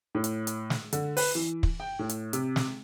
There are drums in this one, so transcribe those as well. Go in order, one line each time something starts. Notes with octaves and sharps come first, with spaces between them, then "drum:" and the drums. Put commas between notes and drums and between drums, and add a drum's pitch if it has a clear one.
A2
drum: hi-hat
drum: hi-hat
drum: snare
D3, drum: hi-hat
B4, drum: open hi-hat
E3
drum: kick
G5
A2
drum: hi-hat
C3, drum: hi-hat
drum: snare